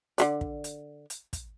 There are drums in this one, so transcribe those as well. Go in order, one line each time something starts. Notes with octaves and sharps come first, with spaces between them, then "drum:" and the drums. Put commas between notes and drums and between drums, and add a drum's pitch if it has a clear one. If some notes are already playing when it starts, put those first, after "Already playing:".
D3 A3 D5, drum: hi-hat
drum: kick
drum: hi-hat
drum: hi-hat
drum: kick, hi-hat